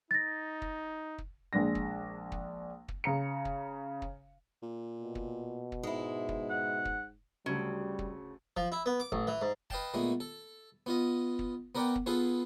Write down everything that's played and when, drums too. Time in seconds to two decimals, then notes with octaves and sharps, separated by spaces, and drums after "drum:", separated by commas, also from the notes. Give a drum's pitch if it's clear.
0.11 D#4 A6 A#6
0.62 drum: kick
1.18 drum: kick
1.53 A#1 G#3 D4 A#6
1.75 drum: kick
2.32 drum: kick
2.88 drum: kick
3.04 C#3 A#5 C#7
3.45 drum: kick
4.02 drum: kick
4.62 A#2
5.01 B2
5.15 drum: kick
5.72 drum: kick
5.83 G#2 G#3 E4
6.29 drum: kick
6.50 F#5
6.85 drum: kick
7.46 D2 C#3 F#3 G3 A3
7.99 drum: kick
8.57 F3, drum: kick
8.72 E4
8.86 B3
9.00 D6
9.12 A1, drum: kick
9.27 E3
9.42 G#2
9.70 B4 D#5 F5 G5 A5, drum: kick
9.94 A#2 G#3 A3 B3
10.20 A4
10.86 B3 F4 D#5
11.39 drum: kick
11.75 B3 A#4 B4 D5 F#5 G5
11.96 drum: kick
12.06 B3 F4 G#4 A4 B4